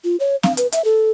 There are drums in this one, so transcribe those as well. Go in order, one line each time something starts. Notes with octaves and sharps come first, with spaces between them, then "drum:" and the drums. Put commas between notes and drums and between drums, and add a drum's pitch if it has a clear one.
F4
C#5
F5, drum: snare C4
B4, drum: hi-hat
E5, drum: hi-hat
A4